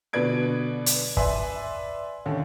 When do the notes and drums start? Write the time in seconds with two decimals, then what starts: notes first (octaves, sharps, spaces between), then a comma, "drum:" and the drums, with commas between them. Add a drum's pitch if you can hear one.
0.13 B2 D3 B4 D5 G#6 D7
0.86 drum: hi-hat
1.17 B4 D5 E5 G#5 C6, drum: kick
2.25 D#2 D3 C#4